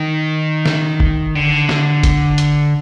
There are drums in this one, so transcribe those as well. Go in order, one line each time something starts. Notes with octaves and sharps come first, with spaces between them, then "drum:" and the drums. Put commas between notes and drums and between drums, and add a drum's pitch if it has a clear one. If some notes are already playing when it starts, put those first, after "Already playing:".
Already playing: D#3
drum: snare
drum: kick F#1
D3
drum: snare
drum: kick F#1, hi-hat
drum: hi-hat